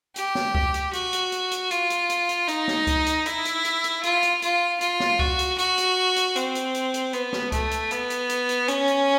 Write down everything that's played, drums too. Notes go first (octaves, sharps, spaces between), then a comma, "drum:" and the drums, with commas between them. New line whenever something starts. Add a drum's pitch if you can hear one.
G4, drum: hi-hat
drum: snare
drum: kick C#2
drum: hi-hat
F#4, drum: hi-hat
drum: hi-hat
drum: hi-hat
drum: hi-hat
F4, drum: hi-hat
drum: hi-hat
drum: hi-hat
drum: hi-hat
D#4, drum: hi-hat
drum: snare
drum: kick C#2, hi-hat
drum: hi-hat
E4, drum: hi-hat
drum: hi-hat
drum: hi-hat
drum: hi-hat
F4, drum: hi-hat
drum: hi-hat
F4, drum: hi-hat
F4, drum: hi-hat
drum: snare
F#4, drum: kick C#2
drum: hi-hat
F#4, drum: hi-hat
drum: hi-hat
drum: hi-hat
C4, drum: hi-hat
drum: hi-hat
drum: hi-hat
drum: hi-hat
B3, drum: hi-hat
drum: snare
A3, drum: kick C#2, hi-hat
drum: hi-hat
B3, drum: hi-hat
drum: hi-hat
drum: hi-hat
drum: hi-hat
C#4, drum: hi-hat
drum: hi-hat